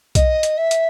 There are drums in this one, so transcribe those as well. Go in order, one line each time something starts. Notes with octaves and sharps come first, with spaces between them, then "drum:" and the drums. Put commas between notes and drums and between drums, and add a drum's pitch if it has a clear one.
D#5, drum: kick B1, hi-hat
drum: hi-hat
E5
drum: hi-hat